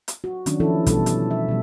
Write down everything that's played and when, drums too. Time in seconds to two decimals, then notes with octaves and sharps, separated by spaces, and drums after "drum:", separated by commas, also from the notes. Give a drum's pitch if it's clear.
0.08 drum: hi-hat
0.24 F#4
0.46 D#3 F#3 C#4 D4, drum: hi-hat
0.60 E3 F3 C#4 E4 A4
0.86 B2 G3 A4, drum: kick, hi-hat
1.06 drum: hi-hat
1.31 E5
1.49 B2 G3